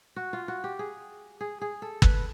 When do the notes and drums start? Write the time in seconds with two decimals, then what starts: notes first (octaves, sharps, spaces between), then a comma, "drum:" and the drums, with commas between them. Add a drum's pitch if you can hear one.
0.16 F#4
0.33 F4
0.48 F#4
0.64 G4
0.79 G#4
1.41 G#4
1.61 G#4
1.82 A4
2.02 B4, drum: kick